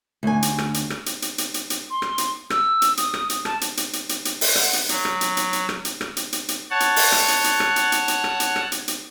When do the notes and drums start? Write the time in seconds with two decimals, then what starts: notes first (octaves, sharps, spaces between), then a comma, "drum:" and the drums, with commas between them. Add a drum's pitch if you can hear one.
0.23 D2 G#5
0.42 drum: hi-hat
0.58 drum: rim click
0.74 drum: hi-hat
0.90 drum: rim click
1.06 drum: hi-hat
1.22 drum: hi-hat
1.38 drum: hi-hat
1.54 drum: hi-hat
1.70 drum: hi-hat
1.90 C6
2.02 drum: rim click
2.18 drum: hi-hat
2.50 E6, drum: rim click
2.82 drum: hi-hat
2.97 D#6, drum: hi-hat
3.14 drum: rim click
3.30 drum: hi-hat
3.45 A5, drum: rim click
3.61 drum: hi-hat
3.77 drum: hi-hat
3.93 drum: hi-hat
4.09 drum: hi-hat
4.25 drum: hi-hat
4.41 drum: open hi-hat
4.56 F#5, drum: rim click
4.73 drum: hi-hat
4.89 F#3, drum: hi-hat
5.05 drum: rim click
5.21 drum: hi-hat
5.37 drum: hi-hat
5.53 drum: hi-hat
5.69 drum: rim click
5.85 drum: hi-hat
6.01 drum: rim click
6.17 drum: hi-hat
6.33 drum: hi-hat
6.48 drum: hi-hat
6.70 C#5 F#5 A5
6.80 drum: hi-hat
6.96 drum: open hi-hat
7.12 drum: rim click
7.28 drum: hi-hat
7.44 drum: hi-hat
7.60 drum: rim click
7.76 drum: hi-hat
7.92 drum: hi-hat
8.08 drum: hi-hat
8.24 drum: rim click
8.40 drum: hi-hat
8.56 drum: rim click
8.72 drum: hi-hat
8.88 drum: hi-hat